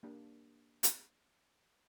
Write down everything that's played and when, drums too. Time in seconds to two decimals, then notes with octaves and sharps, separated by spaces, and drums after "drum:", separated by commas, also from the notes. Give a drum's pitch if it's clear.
0.03 A#3 D4 G4
0.83 drum: hi-hat